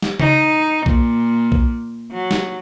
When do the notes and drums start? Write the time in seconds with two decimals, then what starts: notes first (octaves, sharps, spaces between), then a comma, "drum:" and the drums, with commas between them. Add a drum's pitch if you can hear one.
0.03 drum: snare
0.20 D#4, drum: tom C#3
0.86 A#2, drum: kick B1
1.52 drum: kick B1
2.11 F#3
2.31 drum: snare